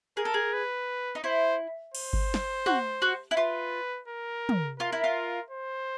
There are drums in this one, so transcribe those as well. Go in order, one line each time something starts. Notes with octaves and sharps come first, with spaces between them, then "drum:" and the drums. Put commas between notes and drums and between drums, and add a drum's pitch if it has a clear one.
G#4 A#4
A4
G#4
B4
D#4
E4 C5
C5, drum: cymbal
drum: kick G1
drum: snare
F#4, drum: tom
F#4
E4
F4 B4
A#4
drum: tom
F4 A#4
E4
F4
C5